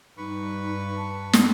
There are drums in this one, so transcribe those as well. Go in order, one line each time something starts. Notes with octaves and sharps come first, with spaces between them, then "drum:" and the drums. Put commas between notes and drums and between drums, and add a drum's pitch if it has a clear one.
G2 D#4 B4 B5 C#6
A5
drum: snare